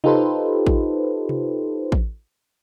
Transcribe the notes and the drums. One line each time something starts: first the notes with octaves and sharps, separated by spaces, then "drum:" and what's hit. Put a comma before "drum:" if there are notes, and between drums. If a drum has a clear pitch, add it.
D#4 F4 G4 A4 B4 C5, drum: tom C3
drum: kick A1
drum: tom C3
drum: kick A1